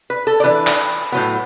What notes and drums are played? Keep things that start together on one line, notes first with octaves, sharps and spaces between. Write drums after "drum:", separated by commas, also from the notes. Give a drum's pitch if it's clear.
B4
A4
D5
E3 D4 B4
drum: clap
A2 F#3 B3